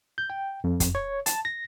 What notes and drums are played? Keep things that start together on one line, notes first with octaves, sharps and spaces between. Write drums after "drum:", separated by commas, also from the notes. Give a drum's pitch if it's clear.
G6
G5
F2
drum: kick, hi-hat
C#5
A5, drum: hi-hat
A#6